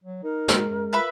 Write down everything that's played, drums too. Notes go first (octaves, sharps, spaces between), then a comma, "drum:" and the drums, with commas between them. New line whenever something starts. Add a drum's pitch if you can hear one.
F#3
D#4 A#4
G#3, drum: snare
F#2
F4 B4 E5 B5